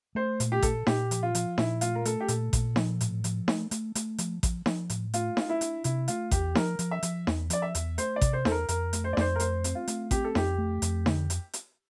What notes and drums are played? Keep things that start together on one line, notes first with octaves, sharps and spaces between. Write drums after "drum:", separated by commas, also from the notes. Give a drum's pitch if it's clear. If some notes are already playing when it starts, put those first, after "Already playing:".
A3 C5
A#2, drum: hi-hat
G4
A#2 A4, drum: kick A1, hi-hat
A#2 G4, drum: snare D#4
F3, drum: hi-hat
F4
F3, drum: hi-hat
A#2 E4, drum: snare D#4
A3 F4, drum: hi-hat
A#4
A3 A4, drum: hi-hat
G4
A#2 A4, drum: hi-hat
A#2, drum: kick A1, hi-hat
F3, drum: snare D#4
A2, drum: hi-hat
F3, drum: hi-hat
A3, drum: snare D#4
A3, drum: hi-hat
A3, drum: hi-hat
F3, drum: hi-hat
F3, drum: kick A1, hi-hat
F3, drum: snare D#4
A2, drum: hi-hat
A3 F4, drum: hi-hat
A3 F4, drum: snare D#4
E4
D4, drum: hi-hat
C3 E4, drum: hi-hat
A3 F4, drum: hi-hat
E2 G4, drum: kick A1, hi-hat
F3 A#4, drum: snare D#4
F3, drum: hi-hat
E5
F3, drum: hi-hat
E2, drum: snare D#4
F3 D5, drum: hi-hat
E5
E2, drum: hi-hat
A3 C5, drum: hi-hat
D5
C3, drum: kick A1, hi-hat
C5
E2 A4, drum: snare D#4
A#4
F2 A#4, drum: hi-hat
A3, drum: hi-hat
C5
D5
F2 C5, drum: snare D#4
A#4
A3 C5, drum: hi-hat
C4, drum: hi-hat
F4
A3, drum: hi-hat
C4 G4, drum: kick A1, hi-hat
A4
F2 G4, drum: snare D#4
A3
F2, drum: hi-hat
D3, drum: snare D#4
drum: hi-hat
drum: hi-hat